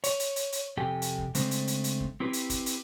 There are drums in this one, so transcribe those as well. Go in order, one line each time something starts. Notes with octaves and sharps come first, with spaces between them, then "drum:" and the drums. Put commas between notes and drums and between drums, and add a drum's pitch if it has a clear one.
C#5, drum: hi-hat
drum: hi-hat
drum: hi-hat
drum: hi-hat
F2 C3 G4 A4 G5 G#5
drum: hi-hat
drum: kick
C#3 G#3 A3 C4 D4 C5, drum: hi-hat
drum: hi-hat
drum: hi-hat
drum: hi-hat
drum: kick
C4 E4 G4 B4
drum: hi-hat
drum: kick, hi-hat
drum: hi-hat